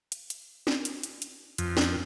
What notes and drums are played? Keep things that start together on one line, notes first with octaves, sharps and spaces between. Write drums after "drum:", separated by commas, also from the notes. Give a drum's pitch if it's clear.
drum: hi-hat
drum: hi-hat
drum: snare
drum: hi-hat
drum: hi-hat
drum: hi-hat
F2, drum: hi-hat
drum: snare